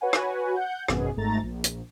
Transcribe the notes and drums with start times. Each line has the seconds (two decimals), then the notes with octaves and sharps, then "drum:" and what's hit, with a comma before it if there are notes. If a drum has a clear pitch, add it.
0.01 F#4 B4 C#5 F#5 G#5
0.13 drum: rim click
0.56 F#5 G6
0.88 G#1 F#2 B2 B3 G#4, drum: rim click
1.16 G#1 G#2 A3 A#5 A6
1.42 A#1
1.64 drum: hi-hat